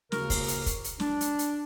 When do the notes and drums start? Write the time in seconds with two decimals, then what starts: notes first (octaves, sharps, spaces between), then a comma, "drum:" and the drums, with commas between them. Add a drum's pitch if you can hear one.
0.12 D#2 C#3 F#4 A#4, drum: snare
0.30 drum: kick, open hi-hat
0.48 drum: hi-hat
0.66 drum: kick, hi-hat
0.84 drum: hi-hat
1.00 D4, drum: snare
1.21 drum: hi-hat
1.39 drum: hi-hat